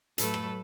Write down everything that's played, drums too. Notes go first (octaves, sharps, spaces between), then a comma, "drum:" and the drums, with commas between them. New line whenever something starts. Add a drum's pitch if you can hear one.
A2 F#3 A3 A4 B4, drum: hi-hat
drum: rim click